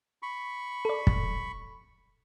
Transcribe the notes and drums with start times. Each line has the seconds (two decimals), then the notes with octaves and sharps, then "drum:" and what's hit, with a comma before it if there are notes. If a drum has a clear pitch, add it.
0.22 B5 C#6
0.85 A4 D5
1.07 drum: kick